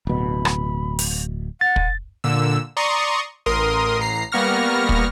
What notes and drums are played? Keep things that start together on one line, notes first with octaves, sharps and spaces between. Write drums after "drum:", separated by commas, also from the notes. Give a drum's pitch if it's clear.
D1 B2 B5
drum: rim click
drum: open hi-hat
F#5 A6
drum: kick
A#2 D3 E6
D5 A#5 C6 C#6 D#6
A1 A#4 C6 D#6
A1 A#5 C7
G3 A#3 B3 C#6 F6 A#6
drum: kick